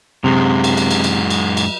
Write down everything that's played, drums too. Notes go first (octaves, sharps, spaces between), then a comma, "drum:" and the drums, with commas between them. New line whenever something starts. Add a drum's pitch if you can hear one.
F#2 C3 G#3
drum: cymbal
drum: cymbal
drum: cymbal
drum: cymbal
drum: cymbal
drum: cymbal